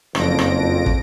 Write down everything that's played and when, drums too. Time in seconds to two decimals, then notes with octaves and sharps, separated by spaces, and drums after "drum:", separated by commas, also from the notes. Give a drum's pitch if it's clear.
0.15 F#1 F2 A#6 D7, drum: rim click
0.39 drum: rim click
0.86 drum: kick